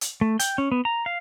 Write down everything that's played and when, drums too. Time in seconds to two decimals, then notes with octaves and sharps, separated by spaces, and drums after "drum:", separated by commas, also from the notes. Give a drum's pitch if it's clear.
0.01 drum: hi-hat
0.21 A3
0.39 G5, drum: hi-hat
0.58 C#4
0.72 B3
0.85 A#5
1.06 F5